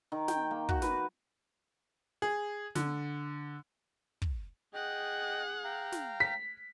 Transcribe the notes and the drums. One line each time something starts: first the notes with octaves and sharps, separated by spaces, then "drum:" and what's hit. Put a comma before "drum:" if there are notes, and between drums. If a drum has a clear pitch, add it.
D#3
G5, drum: snare
A#3
F#4, drum: kick
B4, drum: snare
G#4
D3, drum: snare
drum: kick
G#4 D#5 F#5 G5
F5 G5 A#5
drum: snare
B6